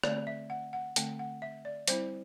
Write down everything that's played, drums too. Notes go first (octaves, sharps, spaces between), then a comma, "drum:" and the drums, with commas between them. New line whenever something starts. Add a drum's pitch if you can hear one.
D3 A3 C4 D5, drum: rim click
E5
F#5
F#5
D3 A3 C4 G5, drum: hi-hat
F#5
E5
D5
G3 C4 E4 C5, drum: hi-hat